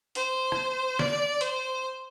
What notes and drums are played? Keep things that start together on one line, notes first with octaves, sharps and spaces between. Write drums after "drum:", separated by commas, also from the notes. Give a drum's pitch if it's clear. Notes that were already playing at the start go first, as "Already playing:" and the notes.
C5, drum: hi-hat
drum: rim click
D5, drum: snare
C5, drum: hi-hat